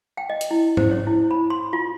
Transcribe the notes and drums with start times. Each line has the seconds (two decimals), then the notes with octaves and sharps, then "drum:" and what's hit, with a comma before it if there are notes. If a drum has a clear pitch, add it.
0.17 G5
0.30 D#5
0.41 drum: hi-hat
0.51 E4
0.77 C5, drum: tom G#2
0.91 C#5
1.07 E4
1.31 B5
1.50 C6
1.73 F4